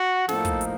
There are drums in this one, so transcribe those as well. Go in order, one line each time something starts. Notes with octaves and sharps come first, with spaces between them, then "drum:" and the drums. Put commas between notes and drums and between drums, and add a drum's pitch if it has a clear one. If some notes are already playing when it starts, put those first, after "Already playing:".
Already playing: F#4
A2 F3 A#3 D#4 A4, drum: snare
drum: kick, hi-hat
drum: hi-hat